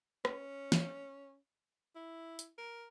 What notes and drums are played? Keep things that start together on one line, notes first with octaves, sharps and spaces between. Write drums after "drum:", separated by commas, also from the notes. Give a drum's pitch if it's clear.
C#4, drum: rim click
drum: snare
E4
drum: hi-hat
A#4